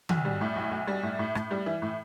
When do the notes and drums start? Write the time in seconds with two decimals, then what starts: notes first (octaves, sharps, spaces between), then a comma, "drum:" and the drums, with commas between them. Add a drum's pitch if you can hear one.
0.09 B1, drum: tom D#3
0.25 G3
0.41 A2
0.56 B1
0.71 B1
0.87 G3
1.03 A2
1.19 A2
1.35 A2, drum: rim click
1.51 G3
1.66 E3
1.82 A2